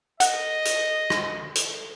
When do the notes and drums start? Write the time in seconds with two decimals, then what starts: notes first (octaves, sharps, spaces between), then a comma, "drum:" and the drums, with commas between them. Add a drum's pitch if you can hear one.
0.20 D#5 F#5, drum: hi-hat
0.65 drum: hi-hat
1.10 drum: rim click
1.55 drum: hi-hat